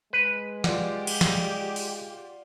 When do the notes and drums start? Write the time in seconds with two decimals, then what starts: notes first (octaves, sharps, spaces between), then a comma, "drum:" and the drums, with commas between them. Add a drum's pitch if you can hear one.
0.13 G#3 B4
0.64 F4 G4 D5 F#5, drum: snare
1.07 drum: cymbal
1.21 drum: snare
1.76 drum: open hi-hat